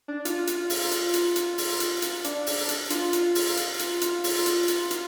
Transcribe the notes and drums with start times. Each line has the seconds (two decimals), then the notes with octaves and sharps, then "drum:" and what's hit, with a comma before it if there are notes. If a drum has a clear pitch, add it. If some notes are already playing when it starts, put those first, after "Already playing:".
0.08 D4
0.25 F4, drum: hi-hat
0.47 F4, drum: hi-hat
0.70 F4, drum: open hi-hat
0.91 drum: hi-hat
1.14 drum: hi-hat
1.36 drum: hi-hat
1.58 drum: open hi-hat
1.80 drum: hi-hat
2.02 drum: hi-hat
2.24 D4, drum: hi-hat
2.46 drum: open hi-hat
2.69 drum: hi-hat
2.90 F4, drum: hi-hat
3.13 drum: hi-hat
3.35 drum: open hi-hat
3.57 drum: hi-hat
3.79 drum: hi-hat
4.01 drum: hi-hat
4.24 F4, drum: open hi-hat
4.46 drum: hi-hat
4.68 drum: hi-hat
4.91 F4, drum: hi-hat